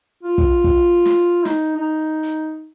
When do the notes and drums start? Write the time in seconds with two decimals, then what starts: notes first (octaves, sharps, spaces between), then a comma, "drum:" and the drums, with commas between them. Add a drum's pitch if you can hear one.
0.23 F4
0.38 drum: kick
0.64 drum: kick
1.05 drum: snare
1.45 D#4, drum: snare
1.76 D#4
2.23 drum: hi-hat